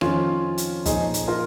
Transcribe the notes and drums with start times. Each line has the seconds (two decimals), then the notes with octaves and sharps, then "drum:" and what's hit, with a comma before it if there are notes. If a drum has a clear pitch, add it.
0.01 F2 D#3 C#4 F4, drum: rim click
0.58 drum: hi-hat
0.85 A#2 F3 D#4 G#4, drum: kick, hi-hat
1.14 drum: hi-hat
1.28 F4 A#4